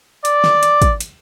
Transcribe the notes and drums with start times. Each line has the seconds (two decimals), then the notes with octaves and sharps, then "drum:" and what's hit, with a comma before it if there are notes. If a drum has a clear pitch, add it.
0.25 D5, drum: hi-hat
0.44 drum: snare
0.63 drum: hi-hat
0.82 drum: kick, hi-hat
1.01 drum: hi-hat